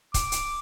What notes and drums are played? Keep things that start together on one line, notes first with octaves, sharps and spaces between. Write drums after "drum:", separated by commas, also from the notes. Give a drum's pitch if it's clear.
D6, drum: kick, hi-hat
drum: hi-hat